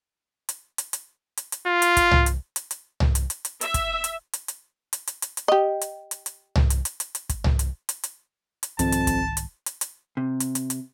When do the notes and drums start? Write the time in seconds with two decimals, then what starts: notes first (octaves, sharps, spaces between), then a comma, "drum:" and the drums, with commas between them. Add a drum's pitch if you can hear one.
0.49 drum: hi-hat
0.78 drum: hi-hat
0.93 drum: hi-hat
1.37 drum: hi-hat
1.52 drum: hi-hat
1.67 F4
1.82 drum: hi-hat
1.97 drum: kick, hi-hat
2.11 drum: tom C2
2.26 drum: hi-hat
2.56 drum: hi-hat
2.71 drum: hi-hat
3.00 drum: tom C2
3.15 drum: hi-hat
3.30 drum: hi-hat
3.45 drum: hi-hat
3.61 E5, drum: hi-hat
3.74 drum: kick, hi-hat
4.04 drum: hi-hat
4.33 drum: hi-hat
4.48 drum: hi-hat
4.93 drum: hi-hat
5.07 drum: hi-hat
5.22 drum: hi-hat
5.37 drum: hi-hat
5.48 G4 D#5
5.81 drum: hi-hat
6.11 drum: hi-hat
6.26 drum: hi-hat
6.55 drum: tom C2
6.70 drum: hi-hat
6.85 drum: hi-hat
7.00 drum: hi-hat
7.15 drum: hi-hat
7.29 drum: kick, hi-hat
7.44 drum: tom C2
7.59 drum: hi-hat
7.89 drum: hi-hat
8.03 drum: hi-hat
8.63 drum: hi-hat
8.79 C2 F2 G#2 D#3 A5, drum: hi-hat
8.92 drum: hi-hat
9.07 drum: kick, hi-hat
9.37 drum: hi-hat
9.66 drum: hi-hat
9.81 drum: hi-hat
10.17 C3
10.40 drum: hi-hat
10.55 drum: hi-hat
10.70 drum: hi-hat